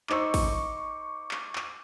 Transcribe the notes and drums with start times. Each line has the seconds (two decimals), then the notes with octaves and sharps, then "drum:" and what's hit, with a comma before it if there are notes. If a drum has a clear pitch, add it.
0.10 D#4 C5 C#6 D6 E6, drum: clap
0.34 drum: kick, open hi-hat
1.31 drum: clap
1.55 drum: clap